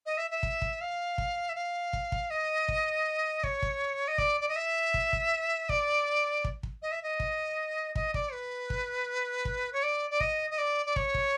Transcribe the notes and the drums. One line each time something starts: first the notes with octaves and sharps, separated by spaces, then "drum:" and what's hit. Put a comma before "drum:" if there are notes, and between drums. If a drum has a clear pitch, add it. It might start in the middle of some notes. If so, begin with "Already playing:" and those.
D#5
E5
E5
drum: kick
drum: kick
F5
drum: kick
E5
F5
drum: kick
drum: kick
D#5
drum: kick
C#5, drum: kick
drum: kick
D#5
D5, drum: kick
D5
D#5
E5
drum: kick
drum: kick
D5, drum: kick
drum: kick
drum: kick
D#5
E5
D#5
drum: kick
D#5, drum: kick
D5, drum: kick
B4
drum: kick
drum: kick
C#5
D5
D5
D#5, drum: kick
D#5
D5
D5
C#5, drum: kick
drum: kick